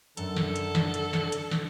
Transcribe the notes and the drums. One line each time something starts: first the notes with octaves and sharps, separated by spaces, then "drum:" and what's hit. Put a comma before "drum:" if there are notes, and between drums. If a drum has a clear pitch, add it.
F#2 D3 A4, drum: hi-hat
drum: snare
drum: hi-hat
drum: snare
drum: hi-hat
drum: snare
drum: hi-hat
drum: snare